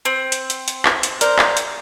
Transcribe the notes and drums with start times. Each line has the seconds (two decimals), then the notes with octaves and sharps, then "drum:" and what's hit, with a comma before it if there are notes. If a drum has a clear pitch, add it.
0.05 C4
0.32 drum: hi-hat
0.50 drum: hi-hat
0.68 drum: hi-hat
0.85 drum: clap
1.03 drum: hi-hat
1.21 A#4 C5 D5 A#5, drum: hi-hat
1.39 drum: clap
1.57 drum: hi-hat